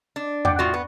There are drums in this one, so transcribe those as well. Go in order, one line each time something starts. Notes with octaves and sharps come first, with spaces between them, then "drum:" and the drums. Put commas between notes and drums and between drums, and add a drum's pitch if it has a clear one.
D4
D5 F#5 G5, drum: tom E2
A2 F4 F#4
B3